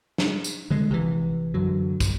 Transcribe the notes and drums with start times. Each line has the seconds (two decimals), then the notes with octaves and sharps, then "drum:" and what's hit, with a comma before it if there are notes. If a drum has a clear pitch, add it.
0.18 drum: snare
0.44 drum: tambourine
0.70 D3 G#3
0.91 A#1 C3 E3
1.54 F#2 D3 F#3
2.00 drum: kick, tambourine